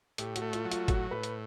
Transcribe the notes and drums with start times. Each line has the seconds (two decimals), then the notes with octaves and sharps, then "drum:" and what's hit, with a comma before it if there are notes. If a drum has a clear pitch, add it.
0.18 A2 G4, drum: hi-hat
0.36 F#4, drum: hi-hat
0.42 A3
0.53 F4, drum: hi-hat
0.65 F#3
0.72 F4, drum: hi-hat
0.88 A2 F#4, drum: kick G1, hi-hat
1.11 A2 B4
1.23 drum: hi-hat